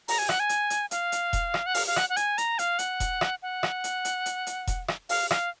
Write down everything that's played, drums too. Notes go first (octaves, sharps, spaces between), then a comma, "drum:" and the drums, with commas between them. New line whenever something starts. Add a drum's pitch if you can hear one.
A#5, drum: open hi-hat
G#5
F#5, drum: rim click
G#5
drum: hi-hat
drum: hi-hat
F5, drum: hi-hat
drum: hi-hat
drum: kick E1, hi-hat
drum: rim click
F#5
F5, drum: open hi-hat
F5
F#5, drum: rim click
F#5
G#5, drum: hi-hat
A#5, drum: hi-hat
F5, drum: hi-hat
F#5, drum: hi-hat
drum: kick E1, hi-hat
drum: rim click
F#5
drum: rim click
drum: hi-hat
drum: hi-hat
drum: hi-hat
drum: hi-hat
drum: kick E1, hi-hat
drum: rim click
F5, drum: open hi-hat
F5, drum: rim click